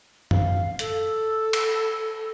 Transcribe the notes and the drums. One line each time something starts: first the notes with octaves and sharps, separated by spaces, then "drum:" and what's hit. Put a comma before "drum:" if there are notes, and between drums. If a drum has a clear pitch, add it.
F5, drum: tom F#2
A4, drum: hi-hat
drum: cymbal